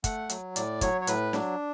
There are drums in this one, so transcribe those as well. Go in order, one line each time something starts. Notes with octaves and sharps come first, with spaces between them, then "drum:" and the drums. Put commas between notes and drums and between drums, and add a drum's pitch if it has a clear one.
A3 F#5, drum: kick, hi-hat
F#3, drum: hi-hat
A2 D5, drum: hi-hat
F#3 C#5, drum: kick, hi-hat
C#5
A2 B4, drum: hi-hat
F#3 D4, drum: snare